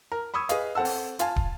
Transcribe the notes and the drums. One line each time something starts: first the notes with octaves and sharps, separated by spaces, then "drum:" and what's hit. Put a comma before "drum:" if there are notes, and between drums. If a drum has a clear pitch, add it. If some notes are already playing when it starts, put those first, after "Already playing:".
A#4
B5 C#6 D#6 E6 G#6
G#4 B4 D#5 F5, drum: hi-hat
C4 A4 F#5 A5 E6
drum: open hi-hat
F4 F5 G#5 A5, drum: hi-hat
drum: kick